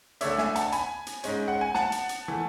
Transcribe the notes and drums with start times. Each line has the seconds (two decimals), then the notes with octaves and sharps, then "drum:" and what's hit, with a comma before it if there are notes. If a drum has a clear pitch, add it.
0.21 D2 D3 A3 D4 C#5 E5, drum: hi-hat
0.38 E5 G#5, drum: snare
0.56 F#5 A5, drum: hi-hat
0.72 G#5 B5, drum: hi-hat
1.07 drum: hi-hat
1.24 G#2 G#3 C#4, drum: hi-hat
1.48 F#5
1.61 G#5
1.75 F#5 A5, drum: snare
1.92 drum: hi-hat
2.09 drum: hi-hat
2.28 E3 A3